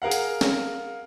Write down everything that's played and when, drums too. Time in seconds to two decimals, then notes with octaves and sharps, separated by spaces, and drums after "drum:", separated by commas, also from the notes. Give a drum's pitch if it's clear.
0.02 G#4 A#4 F5 F#5
0.11 drum: hi-hat
0.41 drum: snare